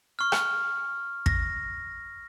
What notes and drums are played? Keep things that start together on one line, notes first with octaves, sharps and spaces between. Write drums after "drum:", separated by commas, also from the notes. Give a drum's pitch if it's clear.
C#6 F6
drum: rim click
A#6, drum: kick